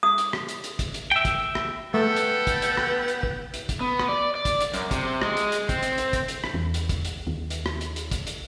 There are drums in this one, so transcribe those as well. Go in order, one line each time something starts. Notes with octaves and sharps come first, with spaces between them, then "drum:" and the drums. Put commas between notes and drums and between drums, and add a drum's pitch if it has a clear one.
D#6
drum: hi-hat
drum: rim click
drum: hi-hat
drum: hi-hat
drum: kick, hi-hat
drum: hi-hat
E5 G5
drum: kick, hi-hat
drum: rim click
A3 B3 A4 G5 G6
drum: hi-hat
drum: kick, hi-hat
drum: hi-hat
drum: rim click
drum: hi-hat
drum: kick
drum: hi-hat
drum: kick, hi-hat
B3
drum: rim click
D5
D5
drum: kick, hi-hat
drum: hi-hat
F#2, drum: hi-hat
C3, drum: kick, hi-hat
G#3, drum: rim click
drum: hi-hat
drum: hi-hat
C4, drum: kick, hi-hat
drum: hi-hat
drum: hi-hat
drum: kick, hi-hat
drum: hi-hat
drum: rim click
E2
drum: hi-hat
drum: kick, hi-hat
drum: hi-hat
D#2
drum: hi-hat
drum: rim click
drum: hi-hat
drum: hi-hat
drum: kick, hi-hat
drum: hi-hat